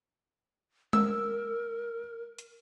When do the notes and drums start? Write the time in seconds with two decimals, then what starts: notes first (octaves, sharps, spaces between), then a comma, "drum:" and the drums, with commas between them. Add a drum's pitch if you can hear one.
0.93 A#4 E6, drum: tom G#3
2.38 drum: hi-hat